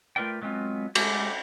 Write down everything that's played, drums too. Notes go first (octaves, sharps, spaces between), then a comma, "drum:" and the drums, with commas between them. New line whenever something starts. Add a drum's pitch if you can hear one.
A3 F4 A#4 B4 D5 G5
F#3 G#3 B3 C4 F4
G#3 A3 G4, drum: cymbal